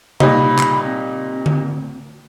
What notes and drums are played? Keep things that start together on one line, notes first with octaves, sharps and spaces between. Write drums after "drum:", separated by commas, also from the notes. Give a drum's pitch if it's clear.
A#2 G3 D#4 B5, drum: tom C3
drum: clap
C4
drum: tom D3